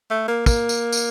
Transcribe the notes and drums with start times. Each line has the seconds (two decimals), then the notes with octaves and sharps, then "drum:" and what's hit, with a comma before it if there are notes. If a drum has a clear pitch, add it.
0.11 A3
0.28 A#3
0.46 A#3, drum: kick, tambourine
0.69 drum: tambourine
0.92 drum: tambourine